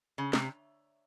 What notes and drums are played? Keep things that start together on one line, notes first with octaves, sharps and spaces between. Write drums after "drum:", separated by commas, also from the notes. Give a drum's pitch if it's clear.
C#3
C3, drum: snare